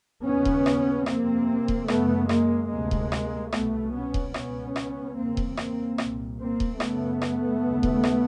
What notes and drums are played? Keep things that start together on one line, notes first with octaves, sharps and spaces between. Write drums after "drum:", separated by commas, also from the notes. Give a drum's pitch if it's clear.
D#2 C#3 B3 C#4
drum: kick D#1
drum: rim click
F2 C3 A#3 C4, drum: rim click
drum: kick D#1
F#2 C#3 A3 B3, drum: rim click
G#3 A#3, drum: rim click
D2 C3 G#3 A#3
drum: kick D#1
drum: rim click
C2 B2 A3 B3, drum: rim click
B3 C#4
drum: kick D#1
C#2 B2 B3 C#4, drum: rim click
drum: rim click
E2 C#3 A#3 C4
drum: kick D#1
A#3 C4, drum: rim click
C2 A#2, drum: rim click
A#3 C4
drum: kick D#1
F#2 C#3 A3 B3, drum: rim click
drum: rim click
D#2 C#3
drum: kick D#1
drum: rim click